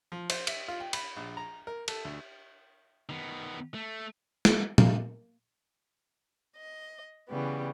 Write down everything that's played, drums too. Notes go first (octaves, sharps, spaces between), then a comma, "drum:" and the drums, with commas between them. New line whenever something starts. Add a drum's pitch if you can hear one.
F3
C5, drum: cymbal
E5, drum: cymbal
F4
G5
B5, drum: cymbal
A#1
A#5
A#4
A4, drum: cymbal
D2
D#3 B3
A3
drum: snare
A#3, drum: tom
D#5
C#3 E3 G3 B3